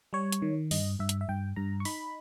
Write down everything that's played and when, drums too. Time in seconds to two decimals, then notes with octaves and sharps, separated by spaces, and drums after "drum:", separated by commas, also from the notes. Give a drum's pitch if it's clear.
0.13 G3 C#5
0.32 drum: hi-hat
0.42 D#3
0.71 G2 D#5, drum: open hi-hat
0.99 G2 E5
1.09 drum: hi-hat
1.21 E5
1.29 G2 G5
1.56 G2 A#5
1.80 C#6
1.85 D#4 B5, drum: open hi-hat